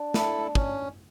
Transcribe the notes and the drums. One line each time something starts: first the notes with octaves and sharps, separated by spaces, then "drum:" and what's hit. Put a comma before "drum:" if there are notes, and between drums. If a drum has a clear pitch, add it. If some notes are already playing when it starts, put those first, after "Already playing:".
Already playing: D4
E4 A4, drum: snare
C#4, drum: kick